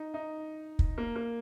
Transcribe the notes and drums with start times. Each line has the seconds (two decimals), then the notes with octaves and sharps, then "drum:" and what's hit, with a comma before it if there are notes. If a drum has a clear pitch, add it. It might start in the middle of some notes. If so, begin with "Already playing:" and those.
Already playing: D#4
0.14 D#4
0.79 drum: kick
0.98 A#3
1.16 A#3